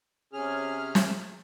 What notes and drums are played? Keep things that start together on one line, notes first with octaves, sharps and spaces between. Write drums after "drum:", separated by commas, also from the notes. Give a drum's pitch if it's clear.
C3 C#4 G#4 F6
drum: snare